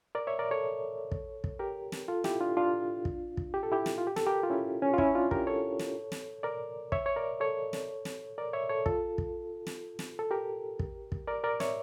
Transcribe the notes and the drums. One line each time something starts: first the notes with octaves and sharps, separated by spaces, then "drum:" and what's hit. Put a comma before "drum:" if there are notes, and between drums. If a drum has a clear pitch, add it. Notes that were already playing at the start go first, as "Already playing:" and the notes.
A#4 D5
C#5 E5
A#4 D5
A4 C#5
drum: kick
drum: kick
G4 A#4
drum: snare
F4 A4
E4 G4, drum: snare
D4 F4
D4 F4
drum: kick
drum: kick
G4
A4
E4 G4
drum: snare
F4
G4
A4, drum: snare
G4 A#4
F4
C#4 E4
C#4
F4
C#4 E4, drum: kick
D4 F4
G4 A#4, drum: kick
A4 C#5
drum: snare
drum: snare
A#4 D5
C#5 E5, drum: kick
C#5
A#4 D5
A4 C#5
drum: snare
drum: snare
A#4 D5
C#5 E5
A4 C#5
F4 A4, drum: kick
drum: kick
drum: snare
drum: snare
A4
G4 A#4
drum: kick
drum: kick
A#4 D5
A#4 D5
C#5 E5, drum: snare